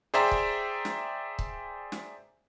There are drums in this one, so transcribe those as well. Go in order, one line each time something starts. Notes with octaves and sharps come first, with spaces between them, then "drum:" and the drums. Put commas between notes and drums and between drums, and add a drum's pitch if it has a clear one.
G#4 C5 D5 E5 G5 A#5
drum: kick C#1
drum: snare
drum: kick C#1
drum: snare